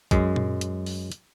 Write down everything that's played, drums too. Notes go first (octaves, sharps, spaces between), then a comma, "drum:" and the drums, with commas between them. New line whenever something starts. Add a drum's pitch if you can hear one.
F#2 G#3, drum: kick, hi-hat
drum: tom A#2
drum: hi-hat
drum: open hi-hat
drum: hi-hat